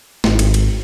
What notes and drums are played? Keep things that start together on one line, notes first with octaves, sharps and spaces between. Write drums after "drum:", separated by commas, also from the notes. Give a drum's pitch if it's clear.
G#1, drum: snare
drum: cymbal
drum: cymbal